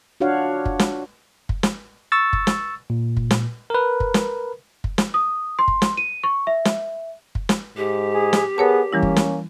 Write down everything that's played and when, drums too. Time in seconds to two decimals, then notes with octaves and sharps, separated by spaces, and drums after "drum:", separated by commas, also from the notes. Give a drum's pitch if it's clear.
0.20 D4 F4 F#4 C#5 F5 F#5
0.65 drum: kick
0.79 drum: snare
1.49 drum: kick
1.63 drum: snare
2.12 C#6 E6 A6
2.33 drum: kick
2.47 drum: snare
2.90 A#2
3.17 drum: kick
3.31 drum: snare
3.70 A#4 B4
4.00 drum: kick
4.14 drum: snare
4.84 drum: kick
4.98 drum: snare
5.14 D#6
5.59 C6
5.68 drum: kick
5.82 drum: snare
5.97 D#7
6.23 C#6
6.47 E5
6.65 drum: snare
7.35 drum: kick
7.49 drum: snare
7.77 G#2 G4
8.13 G#4
8.33 drum: snare
8.58 B3 G#4 A#4 C#5 A5
8.93 E3 G3 A#3 C#4 E4
9.02 drum: kick
9.16 drum: snare